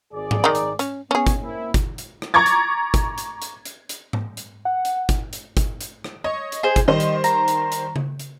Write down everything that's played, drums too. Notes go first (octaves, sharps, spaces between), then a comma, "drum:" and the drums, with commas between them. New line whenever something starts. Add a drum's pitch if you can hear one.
G#1 G#4 D5
drum: tom G#2
D#3 D#4
drum: hi-hat
C#4, drum: hi-hat
B3 C#4 G#4 C#5
drum: kick, hi-hat
A#3 C4 E4
drum: kick, hi-hat
drum: hi-hat
drum: rim click
A#5 C#6 D6 G#6 A6
drum: hi-hat
drum: kick, hi-hat
drum: hi-hat
drum: hi-hat
drum: hi-hat
drum: hi-hat
drum: tom G#2
drum: hi-hat
F#5
drum: hi-hat
drum: kick, hi-hat
drum: hi-hat
drum: kick, hi-hat
drum: hi-hat
drum: rim click
C#5 D#5
drum: hi-hat
G#4 C5
drum: kick, hi-hat
D#3 G3 C5 D#5
drum: hi-hat
A#5, drum: hi-hat
drum: hi-hat
drum: hi-hat
drum: tom C#3
drum: hi-hat